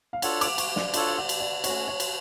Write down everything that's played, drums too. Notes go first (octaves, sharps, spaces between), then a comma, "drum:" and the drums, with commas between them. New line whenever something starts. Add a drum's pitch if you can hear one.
F5
D4 F4 A4 C#5 F#5, drum: cymbal
D6, drum: cymbal
C#6, drum: cymbal
D5, drum: snare
D4 F4 A4 C#5 D5, drum: cymbal
F#5
drum: cymbal
D5
A3 C#4 F#4 C#5, drum: cymbal
C#5
drum: cymbal